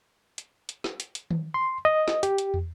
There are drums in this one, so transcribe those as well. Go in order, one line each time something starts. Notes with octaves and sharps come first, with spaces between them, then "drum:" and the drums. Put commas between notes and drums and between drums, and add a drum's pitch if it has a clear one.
drum: hi-hat
drum: hi-hat
drum: snare
drum: hi-hat
drum: hi-hat
drum: tom D#3
C6
D#5
drum: snare
G4, drum: hi-hat
drum: hi-hat
drum: tom